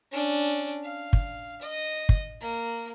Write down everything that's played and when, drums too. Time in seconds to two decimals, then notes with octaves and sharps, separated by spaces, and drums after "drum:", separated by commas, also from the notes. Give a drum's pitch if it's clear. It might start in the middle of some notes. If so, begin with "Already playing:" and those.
0.12 C#4 D4
0.84 F5
1.13 drum: kick
1.62 D#5
2.09 drum: kick
2.41 A#3